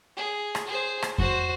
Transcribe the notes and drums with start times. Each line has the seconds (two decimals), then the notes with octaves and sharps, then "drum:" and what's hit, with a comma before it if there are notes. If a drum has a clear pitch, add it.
0.17 G#4
0.55 drum: rim click
0.67 G#4 C5
1.02 drum: rim click
1.18 F#4 C5, drum: kick F2